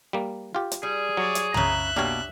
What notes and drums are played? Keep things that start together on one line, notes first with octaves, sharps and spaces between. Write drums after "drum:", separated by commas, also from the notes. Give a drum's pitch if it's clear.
G3 A#3
F4 G4
drum: hi-hat
G3 G#4
F#3 C#5 D5
drum: hi-hat
C#3 E5 A#5 F#6, drum: tom
B2 A#3 D4 G4 C#5